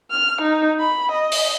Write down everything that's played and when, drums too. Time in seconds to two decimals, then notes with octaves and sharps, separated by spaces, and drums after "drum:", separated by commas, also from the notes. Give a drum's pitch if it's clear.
0.11 F6
0.42 D#4
0.80 B5
1.12 D#5
1.31 drum: open hi-hat